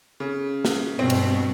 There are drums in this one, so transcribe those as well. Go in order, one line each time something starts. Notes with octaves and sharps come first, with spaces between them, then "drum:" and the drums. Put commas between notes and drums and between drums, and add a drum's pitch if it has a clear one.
C#3
drum: snare
G2 B2 C4
drum: cymbal